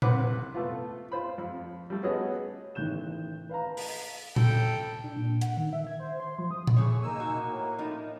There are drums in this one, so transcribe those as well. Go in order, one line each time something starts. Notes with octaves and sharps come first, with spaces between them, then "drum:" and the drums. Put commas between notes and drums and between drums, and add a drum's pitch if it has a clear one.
C2 C4 B4 F#5 D6, drum: tom A#2
A3 B3 F4
F4 C5 B5
F2
G3 A3
B3 C#4 F#4 G#4 C#5 D#5
A1 A2 D#3 F#6 G6 E7
B4 F5 A5 A#5
drum: open hi-hat
A4 G5, drum: tom A#2
D4
A#2
F#5, drum: hi-hat
D#3
E5
G#6
C5
C6
F3
D#6
drum: tom A#2
E3 A3 G#4 C#5
A#3 D#4 G#5 E6
F#4
A2
F3 D#4